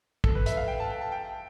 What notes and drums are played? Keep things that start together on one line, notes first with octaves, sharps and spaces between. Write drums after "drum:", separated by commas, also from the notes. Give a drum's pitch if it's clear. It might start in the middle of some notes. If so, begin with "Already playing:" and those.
A4, drum: kick
B4
E5, drum: hi-hat
F5
G5
A5
G5
A5
G5